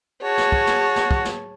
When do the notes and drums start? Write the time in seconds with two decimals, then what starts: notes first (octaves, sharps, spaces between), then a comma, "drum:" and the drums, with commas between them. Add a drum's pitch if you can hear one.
0.23 F#4 G#4 C#5 A5
0.38 drum: snare
0.52 drum: kick
0.67 drum: snare
0.96 drum: snare
1.11 drum: kick
1.25 drum: snare